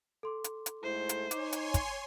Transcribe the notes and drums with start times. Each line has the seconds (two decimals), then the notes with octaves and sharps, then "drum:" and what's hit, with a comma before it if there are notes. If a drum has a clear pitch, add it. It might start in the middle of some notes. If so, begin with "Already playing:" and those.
0.23 A4 C6 D6
0.44 drum: hi-hat
0.66 drum: hi-hat
0.83 G#2 A3 E4 C5
1.09 drum: hi-hat
1.31 D#4 C#5 G#5 C6 D6, drum: hi-hat
1.53 drum: hi-hat
1.74 drum: kick, hi-hat